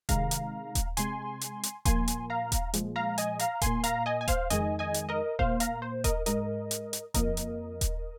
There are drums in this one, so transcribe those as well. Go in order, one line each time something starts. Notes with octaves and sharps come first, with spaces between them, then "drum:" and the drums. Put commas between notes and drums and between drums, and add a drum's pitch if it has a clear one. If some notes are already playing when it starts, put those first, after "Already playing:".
C3 D#3 G#3 F5 A#5, drum: kick D#1, hi-hat
drum: hi-hat
drum: kick D#1, hi-hat
C3 G#3 G#5 C6, drum: hi-hat
drum: hi-hat
drum: hi-hat
A#2 F3 A#3 G#5 C6, drum: kick D#1, hi-hat
drum: hi-hat
F5 A#5
drum: kick D#1, hi-hat
A#2 F3 G#3, drum: hi-hat
F5 A#5
D#5 G#5, drum: hi-hat
F5 A#5, drum: hi-hat
A#2 A#3 G#5 C6, drum: kick D#1, hi-hat
F5 A#5, drum: hi-hat
D#5 G#5
G#5
C5 F5, drum: kick D#1, hi-hat
F2 D#3 G#3 D#5 G#5, drum: hi-hat
D#5 G#5
drum: hi-hat
A#4 D#5
A#2 A#3 C5 F5, drum: kick D#1
F5 A#5, drum: hi-hat
C5
A#4 D#5, drum: kick D#1, hi-hat
G#2 G#3 A#4 D#5, drum: hi-hat
drum: hi-hat
drum: hi-hat
F2 F3 A#3 A#4 D#5, drum: kick D#1, hi-hat
drum: hi-hat
drum: kick D#1, hi-hat